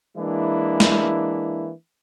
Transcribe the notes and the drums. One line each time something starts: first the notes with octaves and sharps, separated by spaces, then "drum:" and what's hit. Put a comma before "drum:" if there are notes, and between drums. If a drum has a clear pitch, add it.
E3 G#3 A#3 D4 E4
drum: snare